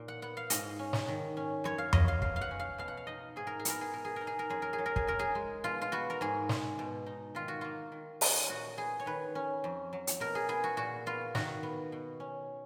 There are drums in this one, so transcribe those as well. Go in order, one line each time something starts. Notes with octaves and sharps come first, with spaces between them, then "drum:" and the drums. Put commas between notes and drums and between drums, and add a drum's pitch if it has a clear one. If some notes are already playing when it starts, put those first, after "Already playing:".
Already playing: A#2 D#4
F#5
B3 F#5
F5
G#2 D#5, drum: hi-hat
C#4
drum: snare
D#3
C#4
F#2 C#5
F5
F#3 D#5, drum: tom F2
F5
B2 F5, drum: kick
F5
F#5
C#4
F5
B2 F5
F#5
F5
D#4 D#5
G#2 G#4
A#4
G#4
B3 A#4, drum: hi-hat
G#4
B2 A#4
G#4
D#4 A#4
G#4
A#4
F#2 G#4
A#4
G#4
F#3
A#4
G#4, drum: kick
F#2 A#4
G#4
G#3
B2 F4
F4
B3 F#4
A#4
G#2 G#4
G#3, drum: snare
B2
D#4
D#3 F4
F#4
A#3 F4
D#3
C#4, drum: open hi-hat
A#2 F#4
B3 G#4
C#5
D#3 B4
C#4
F2
F#3
drum: hi-hat
B2 A#4
G#4
B3 G#4
F#4
A#2 F#4
B3 F4
D#3 F#4, drum: snare
B3
B2
C#4